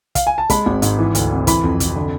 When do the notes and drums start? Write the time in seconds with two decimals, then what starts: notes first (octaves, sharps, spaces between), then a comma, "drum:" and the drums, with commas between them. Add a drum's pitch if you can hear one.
0.15 F5, drum: kick, hi-hat
0.27 G#5
0.38 A5
0.50 G#3 B5, drum: kick, hi-hat
0.66 G#1
0.82 G#2, drum: hi-hat
0.98 E3
1.15 D2, drum: hi-hat
1.31 C3
1.47 E3 B5, drum: kick, hi-hat
1.64 F2
1.80 C3, drum: kick, hi-hat
1.96 D3